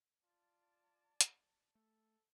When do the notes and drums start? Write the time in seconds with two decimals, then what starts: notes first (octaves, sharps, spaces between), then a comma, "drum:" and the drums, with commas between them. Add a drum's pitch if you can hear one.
0.24 F4 D5 A5
1.21 drum: hi-hat
1.75 A3 A4